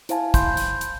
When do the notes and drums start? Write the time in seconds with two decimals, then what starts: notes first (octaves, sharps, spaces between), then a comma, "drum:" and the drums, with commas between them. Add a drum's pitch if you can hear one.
0.09 E4 C5 F5 G#5 A5, drum: hi-hat
0.34 B5 C6 G6, drum: kick, hi-hat
0.57 drum: hi-hat
0.81 drum: hi-hat